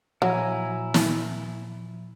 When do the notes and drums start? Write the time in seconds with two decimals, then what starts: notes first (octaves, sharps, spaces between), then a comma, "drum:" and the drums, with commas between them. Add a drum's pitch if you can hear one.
0.22 A#2 F3 F#3 E4 G#5 A#5
0.94 drum: snare